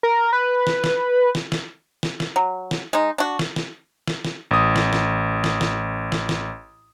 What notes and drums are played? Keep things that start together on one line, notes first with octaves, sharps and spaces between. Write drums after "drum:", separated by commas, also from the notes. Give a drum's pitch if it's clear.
A#4
B4
drum: snare
drum: snare
drum: snare
drum: snare
drum: snare
drum: snare
F#3
drum: snare
G#3 D#4
D4 F#4
drum: snare
drum: snare
drum: snare
drum: snare
A1 D#6
drum: snare
drum: snare
drum: snare
drum: snare
drum: snare
drum: snare